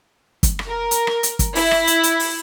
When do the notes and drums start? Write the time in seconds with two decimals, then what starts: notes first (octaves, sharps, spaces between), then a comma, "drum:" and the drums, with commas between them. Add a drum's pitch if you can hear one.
0.43 drum: kick, hi-hat
0.59 drum: rim click
0.68 A#4
0.91 drum: hi-hat
1.07 drum: rim click
1.23 drum: hi-hat
1.39 drum: kick, hi-hat
1.55 E4, drum: open hi-hat
1.71 drum: rim click
1.87 drum: hi-hat
2.03 drum: hi-hat
2.19 drum: open hi-hat